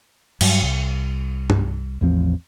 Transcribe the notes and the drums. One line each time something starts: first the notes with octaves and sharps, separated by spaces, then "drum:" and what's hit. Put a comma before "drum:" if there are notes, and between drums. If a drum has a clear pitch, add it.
G2 F#3, drum: cymbal
C2
drum: tom G2
A1 E2 F3 C4